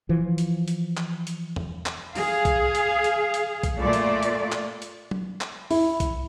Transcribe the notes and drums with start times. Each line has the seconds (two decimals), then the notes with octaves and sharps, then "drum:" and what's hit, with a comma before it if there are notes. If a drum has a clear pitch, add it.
0.09 E3 F3
0.38 drum: hi-hat
0.68 drum: hi-hat
0.97 drum: clap
1.27 drum: hi-hat
1.56 drum: tom E2
1.86 drum: clap
2.15 G#4 F5, drum: open hi-hat
2.45 drum: kick B1, hi-hat
2.75 drum: hi-hat
3.04 drum: hi-hat
3.34 drum: hi-hat
3.63 drum: kick B1, hi-hat
3.80 A#2 A3 F4 D5
3.93 drum: hi-hat
4.23 drum: hi-hat
4.52 drum: clap
4.82 drum: hi-hat
5.11 drum: tom
5.41 drum: clap
5.71 E4, drum: open hi-hat
6.00 drum: kick B1, hi-hat